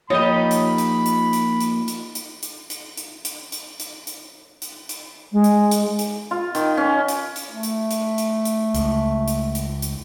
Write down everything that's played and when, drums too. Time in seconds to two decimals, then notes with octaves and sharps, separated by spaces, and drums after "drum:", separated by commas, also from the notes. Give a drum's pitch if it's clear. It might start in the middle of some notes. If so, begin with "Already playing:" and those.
0.10 F3 A#3 D#4 F4 G4 C#5 D#5 B5
0.51 drum: hi-hat
0.78 drum: hi-hat
1.06 drum: hi-hat
1.33 drum: hi-hat
1.60 drum: hi-hat
1.88 drum: hi-hat
2.15 drum: hi-hat
2.43 drum: hi-hat
2.70 drum: hi-hat
2.97 drum: hi-hat
3.25 drum: hi-hat
3.52 drum: hi-hat
3.80 drum: hi-hat
4.07 drum: hi-hat
4.62 drum: hi-hat
4.89 drum: hi-hat
5.32 G#3
5.44 drum: hi-hat
5.71 drum: hi-hat
5.99 drum: hi-hat
6.31 F4
6.55 D#3, drum: hi-hat
6.77 C#4
7.08 drum: hi-hat
7.36 drum: hi-hat
7.50 A3
7.63 drum: hi-hat
7.91 drum: hi-hat
8.18 drum: hi-hat
8.45 drum: hi-hat
8.75 C#2, drum: hi-hat
9.28 drum: hi-hat
9.55 drum: hi-hat
9.82 drum: hi-hat